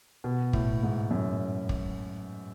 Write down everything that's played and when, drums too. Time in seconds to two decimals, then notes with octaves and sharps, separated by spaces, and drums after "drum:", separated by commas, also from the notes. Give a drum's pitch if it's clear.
0.24 B2
0.53 A2, drum: kick
0.83 G#2
1.11 F#2
1.69 drum: kick